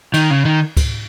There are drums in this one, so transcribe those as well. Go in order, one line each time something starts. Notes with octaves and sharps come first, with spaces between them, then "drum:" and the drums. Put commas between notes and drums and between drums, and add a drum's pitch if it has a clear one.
D#3, drum: cymbal
C#3
D#3
drum: kick C#2, cymbal